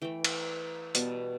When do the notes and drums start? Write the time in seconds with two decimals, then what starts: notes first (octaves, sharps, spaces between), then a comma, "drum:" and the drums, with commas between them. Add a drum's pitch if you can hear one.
0.02 E3 A3 G5
0.24 drum: cymbal
0.95 B2 G3 B3 A5, drum: hi-hat